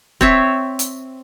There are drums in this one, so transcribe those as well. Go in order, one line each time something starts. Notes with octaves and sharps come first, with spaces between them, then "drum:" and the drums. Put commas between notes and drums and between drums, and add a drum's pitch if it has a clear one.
C4 C#5 E5, drum: kick
drum: hi-hat